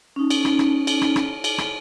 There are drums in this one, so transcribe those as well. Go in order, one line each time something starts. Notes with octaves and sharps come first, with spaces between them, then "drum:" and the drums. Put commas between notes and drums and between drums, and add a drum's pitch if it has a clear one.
C#4 D#4
drum: cymbal
drum: rim click
drum: rim click
drum: cymbal
drum: rim click
drum: rim click
drum: cymbal
drum: rim click